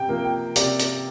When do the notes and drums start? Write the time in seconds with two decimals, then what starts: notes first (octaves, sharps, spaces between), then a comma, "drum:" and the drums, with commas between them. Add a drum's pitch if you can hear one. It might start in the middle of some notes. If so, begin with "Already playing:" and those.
Already playing: C3 G5
0.09 F3 A#3
0.25 G5
0.56 C3 D5, drum: hi-hat
0.79 drum: hi-hat